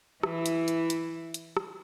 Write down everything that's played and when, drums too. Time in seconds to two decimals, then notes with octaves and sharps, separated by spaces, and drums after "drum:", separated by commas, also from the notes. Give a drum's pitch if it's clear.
0.23 E3 E4, drum: rim click
0.46 drum: hi-hat
0.68 drum: hi-hat
0.90 drum: hi-hat
1.34 drum: hi-hat
1.57 drum: rim click